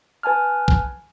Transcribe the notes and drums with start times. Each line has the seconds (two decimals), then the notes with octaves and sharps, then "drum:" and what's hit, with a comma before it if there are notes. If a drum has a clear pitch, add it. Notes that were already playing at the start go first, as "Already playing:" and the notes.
0.23 B4 G#5 A5 F6
0.68 drum: kick A#1